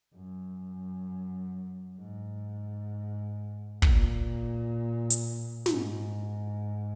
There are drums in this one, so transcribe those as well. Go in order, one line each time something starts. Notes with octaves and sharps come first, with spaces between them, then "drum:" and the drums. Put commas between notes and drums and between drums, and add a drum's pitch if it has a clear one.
F#2
G#2
A#2, drum: kick
drum: hi-hat
G#2, drum: snare